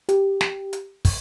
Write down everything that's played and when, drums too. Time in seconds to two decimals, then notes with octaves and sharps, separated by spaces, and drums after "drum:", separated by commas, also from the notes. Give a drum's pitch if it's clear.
0.09 G4, drum: hi-hat
0.41 drum: snare
0.73 drum: hi-hat
1.05 drum: kick, open hi-hat